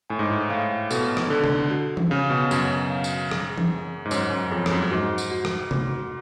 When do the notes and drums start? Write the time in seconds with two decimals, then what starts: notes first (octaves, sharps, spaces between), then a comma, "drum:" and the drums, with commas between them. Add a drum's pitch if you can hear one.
0.10 A2 G#5
0.19 G#2
0.30 A2
0.50 A2 F5
0.91 B2 A4, drum: tambourine
1.17 drum: rim click
1.30 D3 A4
1.44 drum: tom C3
1.71 F#4
1.97 drum: tom E3
2.10 C#3 F5
2.30 B2
2.51 F#2 F#4, drum: tambourine
2.90 F5
3.04 drum: tambourine
3.31 G#4, drum: rim click
3.58 drum: tom E3
3.71 G#4
4.05 G#2
4.11 F#2 C#5, drum: tambourine
4.31 F#2
4.51 F2 G#4
4.66 F2, drum: rim click
4.71 F#2
4.91 G#2 F#4
5.18 drum: tambourine
5.31 F#4
5.45 drum: rim click
5.71 F#4, drum: tom C3